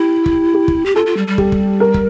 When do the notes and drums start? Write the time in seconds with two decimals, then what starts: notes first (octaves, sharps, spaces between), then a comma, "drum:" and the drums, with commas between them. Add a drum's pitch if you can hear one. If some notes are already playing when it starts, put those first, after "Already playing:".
Already playing: E4 G4
0.26 drum: kick
0.54 G4
0.68 drum: kick
0.86 G4
0.96 F4 A4
1.06 F4
1.17 G3
1.28 G3
1.38 G4, drum: kick
1.52 drum: kick
1.80 A#4
1.94 drum: kick